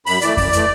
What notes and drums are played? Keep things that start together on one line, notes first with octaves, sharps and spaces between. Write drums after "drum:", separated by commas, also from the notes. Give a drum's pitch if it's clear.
F#2 B5, drum: open hi-hat
E3 A3 D5, drum: hi-hat
F#2, drum: kick F2, open hi-hat
E3 A3, drum: hi-hat